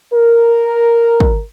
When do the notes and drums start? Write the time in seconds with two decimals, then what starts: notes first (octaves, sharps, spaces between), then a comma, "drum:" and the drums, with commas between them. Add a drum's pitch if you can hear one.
0.14 A#4
1.20 drum: kick